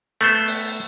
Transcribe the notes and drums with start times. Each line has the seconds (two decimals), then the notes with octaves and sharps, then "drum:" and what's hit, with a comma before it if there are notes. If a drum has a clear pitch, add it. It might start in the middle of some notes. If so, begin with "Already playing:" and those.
0.21 A3 B3 C5, drum: hi-hat
0.48 drum: open hi-hat